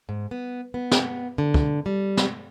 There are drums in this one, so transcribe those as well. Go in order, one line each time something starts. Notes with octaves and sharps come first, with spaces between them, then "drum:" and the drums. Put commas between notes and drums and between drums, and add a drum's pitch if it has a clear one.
G#2
B3
B3
drum: snare
D3
drum: kick
G3
drum: snare